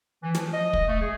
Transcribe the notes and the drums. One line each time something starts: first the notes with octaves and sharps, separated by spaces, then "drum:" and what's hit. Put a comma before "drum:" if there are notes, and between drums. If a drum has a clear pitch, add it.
E3
F3, drum: snare
D#5
drum: kick
A3
G#4